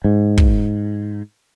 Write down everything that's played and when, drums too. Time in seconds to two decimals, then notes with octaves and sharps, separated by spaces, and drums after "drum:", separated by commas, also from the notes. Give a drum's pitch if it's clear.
0.04 G#2
0.38 drum: kick